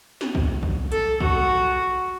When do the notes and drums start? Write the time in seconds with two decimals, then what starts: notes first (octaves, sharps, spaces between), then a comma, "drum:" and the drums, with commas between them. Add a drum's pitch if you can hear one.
0.21 drum: snare
0.35 drum: kick
0.63 drum: kick
0.92 A4, drum: hi-hat
1.20 F#4, drum: kick